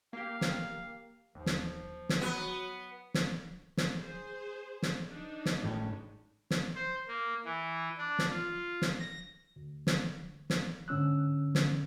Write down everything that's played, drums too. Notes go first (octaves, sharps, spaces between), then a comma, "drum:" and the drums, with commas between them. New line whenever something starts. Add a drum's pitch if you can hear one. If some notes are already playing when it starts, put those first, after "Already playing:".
A#3 G4 F5
drum: snare
D#2 F3
drum: snare
drum: snare
F#3 B3
drum: snare
drum: snare
G#4 C5
drum: snare
D4 D#4
drum: snare
G#1 A2 C#4
drum: snare
C5
A#3
E3
D4
drum: snare
F4
drum: snare
A#6
D2
drum: snare
drum: snare
G#2 D3 C#4 E6 F#6
drum: snare